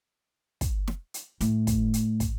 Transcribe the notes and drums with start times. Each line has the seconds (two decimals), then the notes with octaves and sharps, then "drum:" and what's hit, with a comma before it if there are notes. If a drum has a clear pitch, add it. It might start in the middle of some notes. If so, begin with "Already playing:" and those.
0.61 drum: kick, hi-hat
0.88 drum: snare
1.14 drum: hi-hat
1.41 A2, drum: hi-hat
1.67 drum: kick, hi-hat
1.94 drum: hi-hat
2.20 drum: kick, hi-hat